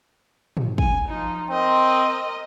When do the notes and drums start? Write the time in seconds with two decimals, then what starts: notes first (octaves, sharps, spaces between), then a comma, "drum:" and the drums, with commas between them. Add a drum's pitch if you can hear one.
0.57 drum: tom
0.78 G#5, drum: kick
1.09 F3 D#4
1.50 C4 A#4 D#5